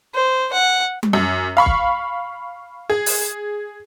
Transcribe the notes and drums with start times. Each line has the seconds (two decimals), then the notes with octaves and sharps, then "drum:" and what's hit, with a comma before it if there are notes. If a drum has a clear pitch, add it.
0.15 C5
0.53 F#5
1.03 drum: tom G3
1.13 F#2
1.57 F5 B5 C#6
1.66 drum: kick
2.90 G#4
3.06 drum: open hi-hat